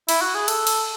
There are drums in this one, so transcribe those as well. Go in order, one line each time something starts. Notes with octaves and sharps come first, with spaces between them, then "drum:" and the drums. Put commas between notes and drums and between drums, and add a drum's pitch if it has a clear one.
E4, drum: cymbal
F#4
G#4
A4, drum: cymbal
drum: cymbal